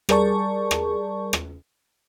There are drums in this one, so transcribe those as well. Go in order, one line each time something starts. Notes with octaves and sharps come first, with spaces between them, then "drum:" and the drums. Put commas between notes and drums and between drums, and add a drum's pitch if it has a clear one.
G3 G#4 A#4 D5 A5 C#6, drum: rim click
drum: rim click
drum: rim click